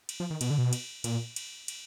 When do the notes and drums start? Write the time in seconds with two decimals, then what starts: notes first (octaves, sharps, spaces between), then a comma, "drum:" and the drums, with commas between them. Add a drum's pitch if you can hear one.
0.09 drum: cymbal
0.20 F3
0.30 D#3
0.41 B2, drum: cymbal
0.50 D3
0.58 B2
0.73 drum: cymbal
1.04 A#2, drum: cymbal
1.36 drum: cymbal
1.68 drum: cymbal